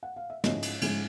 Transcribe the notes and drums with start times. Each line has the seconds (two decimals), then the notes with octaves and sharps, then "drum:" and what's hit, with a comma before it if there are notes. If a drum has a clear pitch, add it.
0.03 F#5
0.16 F5
0.30 E5
0.44 G#2 F3 G#3 C#4 E4 C#5 D#5, drum: snare
0.62 drum: cymbal
0.81 G#2 F3 G#3 C#4 E4, drum: cymbal